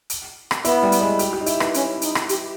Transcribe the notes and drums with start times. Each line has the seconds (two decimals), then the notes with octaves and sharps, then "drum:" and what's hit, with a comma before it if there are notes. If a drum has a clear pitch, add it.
0.10 drum: hi-hat
0.51 drum: rim click
0.65 B3 E4, drum: hi-hat
0.83 G3
0.92 drum: hi-hat
1.01 G#3
1.19 G4, drum: hi-hat
1.33 G4
1.41 D#4
1.46 E4, drum: hi-hat
1.60 B4, drum: rim click
1.74 C#4, drum: hi-hat
2.02 D#4, drum: hi-hat
2.15 drum: rim click
2.29 G4, drum: hi-hat